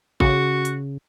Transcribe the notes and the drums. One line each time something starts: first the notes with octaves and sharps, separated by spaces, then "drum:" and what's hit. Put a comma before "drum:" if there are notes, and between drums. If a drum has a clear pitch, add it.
C#3 F#4, drum: kick A1
drum: hi-hat